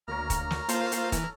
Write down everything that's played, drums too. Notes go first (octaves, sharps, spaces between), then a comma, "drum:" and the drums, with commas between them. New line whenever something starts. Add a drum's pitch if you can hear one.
D2 A#3 A#4 C#5 A#5 F6
drum: kick D#1, hi-hat
drum: snare
A#3 F4 A4 C5 F5, drum: hi-hat
drum: hi-hat
E3, drum: kick D#1, hi-hat